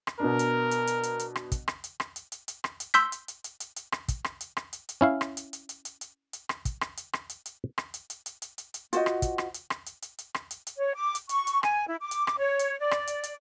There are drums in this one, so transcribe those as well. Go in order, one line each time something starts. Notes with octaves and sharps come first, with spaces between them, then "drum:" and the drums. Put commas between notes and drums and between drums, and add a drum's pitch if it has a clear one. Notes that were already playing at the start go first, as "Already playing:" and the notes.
drum: rim click
B2 B3 D4 A#4
drum: hi-hat
drum: hi-hat
drum: hi-hat
drum: hi-hat
drum: hi-hat
drum: rim click
drum: kick, hi-hat
drum: rim click
drum: hi-hat
drum: rim click
drum: hi-hat
drum: hi-hat
drum: hi-hat
drum: rim click
drum: hi-hat
C6 E6 G6 B6, drum: hi-hat
drum: hi-hat
drum: hi-hat
drum: hi-hat
drum: hi-hat
drum: hi-hat
drum: rim click
drum: kick, hi-hat
drum: rim click
drum: hi-hat
drum: rim click
drum: hi-hat
drum: hi-hat
C#4 E4 F5
drum: rim click
drum: hi-hat
drum: hi-hat
drum: hi-hat
drum: hi-hat
drum: hi-hat
drum: hi-hat
drum: rim click
drum: kick, hi-hat
drum: rim click
drum: hi-hat
drum: rim click
drum: hi-hat
drum: hi-hat
drum: rim click
drum: hi-hat
drum: hi-hat
drum: hi-hat
drum: hi-hat
drum: hi-hat
drum: hi-hat
F4 F#4 C5 D#5, drum: hi-hat
drum: rim click
drum: kick, hi-hat
drum: rim click
drum: hi-hat
drum: rim click
drum: hi-hat
drum: hi-hat
drum: hi-hat
drum: rim click
drum: hi-hat
drum: hi-hat
C#5
D6
drum: hi-hat
C#6, drum: hi-hat
drum: hi-hat
G#5, drum: rim click
E4
D6
drum: hi-hat
drum: rim click
C#5
drum: hi-hat
D5
drum: rim click
drum: hi-hat
drum: hi-hat